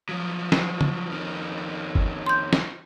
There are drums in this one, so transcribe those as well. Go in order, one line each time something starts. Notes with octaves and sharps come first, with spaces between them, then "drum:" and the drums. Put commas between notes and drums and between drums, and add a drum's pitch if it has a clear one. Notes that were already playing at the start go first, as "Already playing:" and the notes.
F3 F#3
drum: snare
drum: tom
F2 D#3
drum: kick
C6 G6
drum: snare